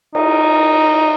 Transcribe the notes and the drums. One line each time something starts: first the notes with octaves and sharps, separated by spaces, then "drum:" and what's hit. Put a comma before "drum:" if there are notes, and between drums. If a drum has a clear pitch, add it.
D#4, drum: cymbal